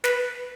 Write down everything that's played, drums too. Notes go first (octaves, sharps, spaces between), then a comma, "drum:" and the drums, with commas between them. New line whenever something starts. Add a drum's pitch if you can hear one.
B4, drum: snare